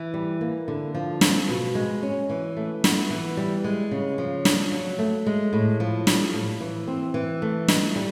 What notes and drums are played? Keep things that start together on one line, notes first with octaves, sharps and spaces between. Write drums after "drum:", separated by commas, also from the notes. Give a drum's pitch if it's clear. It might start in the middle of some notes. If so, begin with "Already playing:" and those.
Already playing: E3
G3
A#3
D3
F3
C4, drum: snare
B2
G#3
C#4
E3
A3
B3, drum: snare
E3
G3
G#3
C#3
F3
D4, drum: snare
F#3
A3
G#3
A2
F3
G3, drum: snare
A2
E3
C4
E3
A3
D#4, drum: snare
G3